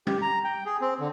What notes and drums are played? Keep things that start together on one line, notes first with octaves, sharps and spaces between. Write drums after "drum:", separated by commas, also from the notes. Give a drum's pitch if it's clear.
G4, drum: tom G3
A#5
G5
G#4
C4
D3